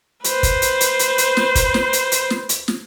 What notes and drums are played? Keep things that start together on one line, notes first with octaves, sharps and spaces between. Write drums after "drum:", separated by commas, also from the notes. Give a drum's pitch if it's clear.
B4 C5, drum: hi-hat
drum: kick, hi-hat
drum: hi-hat
drum: hi-hat
drum: hi-hat
drum: hi-hat
drum: snare
drum: kick, hi-hat
drum: snare
drum: hi-hat
drum: hi-hat
drum: snare
drum: hi-hat
drum: snare